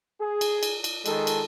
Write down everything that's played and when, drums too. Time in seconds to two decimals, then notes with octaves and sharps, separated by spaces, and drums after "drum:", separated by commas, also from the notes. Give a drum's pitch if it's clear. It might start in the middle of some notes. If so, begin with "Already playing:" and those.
0.20 G#4
0.41 drum: cymbal
0.63 drum: cymbal
0.84 drum: cymbal
1.06 D#3 G#3 A4, drum: cymbal
1.27 drum: cymbal